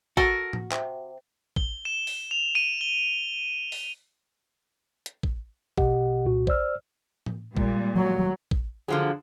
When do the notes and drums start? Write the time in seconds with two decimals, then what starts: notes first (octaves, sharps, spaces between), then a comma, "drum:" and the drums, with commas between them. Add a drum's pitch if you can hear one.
0.17 F#4 A4 A#4, drum: kick
0.53 drum: tom A2
0.72 C3, drum: clap
1.56 G7, drum: kick
1.85 E7
2.07 drum: open hi-hat
2.31 F7
2.55 D#7
2.81 G7
3.72 drum: open hi-hat
5.06 drum: hi-hat
5.23 drum: kick
5.78 A#1 B2 G4 D#5 F#5, drum: kick
6.25 C2 A#2 F#4
6.47 C5 D5 E6 F6, drum: kick
7.26 drum: tom A2
7.57 A#2 G3 G#3, drum: kick
7.97 F#3
8.51 drum: kick
8.88 D3 F3 F#3 G#4 F5